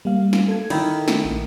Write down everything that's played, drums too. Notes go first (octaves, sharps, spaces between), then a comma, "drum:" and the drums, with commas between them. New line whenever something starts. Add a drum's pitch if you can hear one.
G3 A#3 F5
drum: snare
A4 G#6
D#3 E4, drum: cymbal
drum: snare
A#1